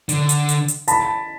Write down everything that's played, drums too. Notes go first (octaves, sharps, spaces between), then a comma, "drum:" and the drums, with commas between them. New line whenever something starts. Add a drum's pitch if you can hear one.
D3, drum: hi-hat
drum: hi-hat
drum: hi-hat
drum: hi-hat
A5 B5, drum: hi-hat